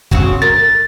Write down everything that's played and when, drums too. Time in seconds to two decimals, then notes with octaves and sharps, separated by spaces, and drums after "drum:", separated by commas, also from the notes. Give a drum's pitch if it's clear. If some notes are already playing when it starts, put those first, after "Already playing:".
0.11 C#3 C4 F#4, drum: kick
0.42 A#4 A6